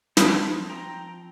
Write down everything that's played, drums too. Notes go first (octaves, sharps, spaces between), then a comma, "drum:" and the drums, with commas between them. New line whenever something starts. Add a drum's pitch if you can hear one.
F3 C4 A5 C6, drum: snare
G5 A#5